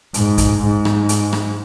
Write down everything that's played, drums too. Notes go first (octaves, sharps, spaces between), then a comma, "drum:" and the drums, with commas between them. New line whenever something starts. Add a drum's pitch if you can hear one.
G#2, drum: hi-hat
drum: kick, hi-hat
G#2
drum: rim click
drum: hi-hat
drum: rim click